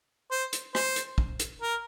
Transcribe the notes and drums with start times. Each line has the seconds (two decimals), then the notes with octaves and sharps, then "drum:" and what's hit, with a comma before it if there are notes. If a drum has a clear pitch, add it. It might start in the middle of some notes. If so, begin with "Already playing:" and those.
0.31 C5
0.53 drum: hi-hat
0.75 C5, drum: rim click
0.96 drum: hi-hat
1.18 drum: kick
1.40 drum: hi-hat
1.62 A#4